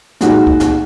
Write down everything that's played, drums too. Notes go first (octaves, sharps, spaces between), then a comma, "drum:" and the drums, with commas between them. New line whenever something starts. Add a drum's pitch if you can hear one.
A#2 G#3 D#4 F#4, drum: snare
drum: kick
drum: snare